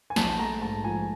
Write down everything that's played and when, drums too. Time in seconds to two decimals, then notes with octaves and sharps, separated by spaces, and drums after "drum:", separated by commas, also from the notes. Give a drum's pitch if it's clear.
0.10 G#5
0.16 A#1 A5, drum: snare
0.39 A3 A#5
0.62 G#2 A5
0.84 F3 G#5